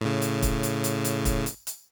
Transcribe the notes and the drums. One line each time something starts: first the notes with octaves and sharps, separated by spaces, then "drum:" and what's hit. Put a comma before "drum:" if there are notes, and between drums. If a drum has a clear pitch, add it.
A2 C#3
drum: hi-hat
drum: kick, hi-hat
drum: hi-hat
drum: hi-hat
drum: hi-hat
drum: kick, hi-hat
drum: hi-hat
drum: hi-hat